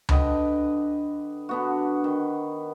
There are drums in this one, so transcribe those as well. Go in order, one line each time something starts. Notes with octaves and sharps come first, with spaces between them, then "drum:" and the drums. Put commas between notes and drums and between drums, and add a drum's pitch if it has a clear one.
D3 B4 D#5 G5, drum: tom C#2
D3 B3 F#4
D#3